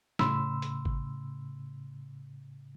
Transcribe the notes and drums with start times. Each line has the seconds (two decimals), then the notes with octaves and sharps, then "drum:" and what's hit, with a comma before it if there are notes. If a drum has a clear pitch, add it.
0.19 A2 C#3 B5 C6 E6, drum: snare
0.62 drum: hi-hat
0.85 drum: kick G#1